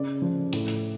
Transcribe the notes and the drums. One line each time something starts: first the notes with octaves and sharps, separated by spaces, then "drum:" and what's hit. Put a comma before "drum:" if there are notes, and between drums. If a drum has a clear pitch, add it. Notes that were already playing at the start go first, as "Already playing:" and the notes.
Already playing: C#3 D5
F3
A2, drum: hi-hat
drum: hi-hat